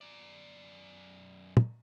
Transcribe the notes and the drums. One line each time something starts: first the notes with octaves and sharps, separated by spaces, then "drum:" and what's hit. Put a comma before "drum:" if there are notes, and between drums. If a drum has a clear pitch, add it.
F#2 D5
drum: tom